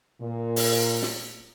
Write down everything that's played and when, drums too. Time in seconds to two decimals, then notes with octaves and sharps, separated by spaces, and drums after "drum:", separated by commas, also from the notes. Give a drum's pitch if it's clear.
0.21 A#2
0.56 drum: open hi-hat
1.02 drum: snare